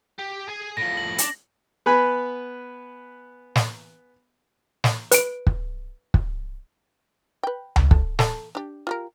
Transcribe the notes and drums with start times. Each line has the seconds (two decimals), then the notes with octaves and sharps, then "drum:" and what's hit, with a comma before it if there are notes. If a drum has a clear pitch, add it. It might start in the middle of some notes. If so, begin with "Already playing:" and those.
0.18 G4
0.48 G#4 G#5
0.77 A2 F3 A#6
0.97 F#7
1.18 D4, drum: hi-hat
1.86 B3 B4 G#5 B5
3.56 drum: snare
4.84 drum: snare
5.12 B4 D7, drum: hi-hat
5.47 drum: kick
6.14 drum: kick
7.43 B4 G5
7.76 drum: tom C#2
7.91 A4, drum: kick
8.19 A4 A5, drum: snare
8.55 D4 G4
8.87 F4 G4 A#4